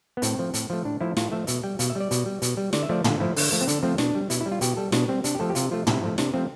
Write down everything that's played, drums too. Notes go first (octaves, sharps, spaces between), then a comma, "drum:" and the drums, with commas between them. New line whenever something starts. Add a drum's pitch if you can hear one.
B3
A2 C4, drum: hi-hat
F3 A3
A2, drum: hi-hat
F3 A3
A2 D4
F3 A3 E4
A2 F4, drum: snare
F3 A3 E5
B2 E5, drum: hi-hat
G3 G5
B2 F5, drum: hi-hat
E5
G3 D5
B2, drum: hi-hat
G3
B2, drum: hi-hat
G3
D3 D5, drum: snare
E5
F3 A3 D5
D3 F4, drum: tom
F3 A3 E4
D3, drum: open hi-hat
F3 A3
C4
D3 D4, drum: hi-hat
F3 A3 C4
B2 D4, drum: snare
G3
B2 E4, drum: hi-hat
E4
G3
F4
B2 G4, drum: hi-hat
G3 A4
B2 D4, drum: snare
G3 C4
C3 D4, drum: hi-hat
G4
F3 A3 A4
G4
C3 F4, drum: hi-hat
F3 A3 F4
C3 E4, drum: tom
F3 A3
C3 D4, drum: snare
F3 A3 C4